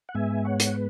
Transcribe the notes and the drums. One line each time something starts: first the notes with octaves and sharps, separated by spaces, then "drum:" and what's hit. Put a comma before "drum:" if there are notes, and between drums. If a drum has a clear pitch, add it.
F#5
G#2 G#3 B3 E5 G#5
C#5 F#5
drum: hi-hat
B4